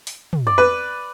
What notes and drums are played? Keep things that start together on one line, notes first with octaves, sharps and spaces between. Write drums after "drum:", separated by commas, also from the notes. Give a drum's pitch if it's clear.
drum: open hi-hat
drum: tom
D5
B4